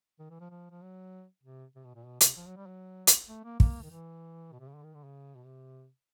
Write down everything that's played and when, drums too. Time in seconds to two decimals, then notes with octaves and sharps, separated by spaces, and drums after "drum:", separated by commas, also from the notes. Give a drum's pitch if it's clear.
0.19 D#3
0.30 E3
0.40 F3
0.51 F3
0.71 F3
0.82 F#3
1.43 C3
1.75 C3
1.84 B2
1.95 A#2
2.05 B2
2.21 C3, drum: hi-hat
2.37 F3
2.47 F#3
2.56 G3
2.67 F#3
3.07 drum: hi-hat
3.28 A3
3.44 A#3
3.60 A#3, drum: kick
3.82 D#3
3.91 E3
4.52 B2
4.60 C3
4.68 C#3
4.75 D3
4.83 D#3
4.94 D3
5.04 C#3
5.36 B2
5.45 C3